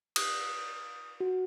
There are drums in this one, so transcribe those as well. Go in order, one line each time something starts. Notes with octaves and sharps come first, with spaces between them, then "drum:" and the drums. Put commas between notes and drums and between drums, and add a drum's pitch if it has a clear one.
D#6, drum: cymbal
F#4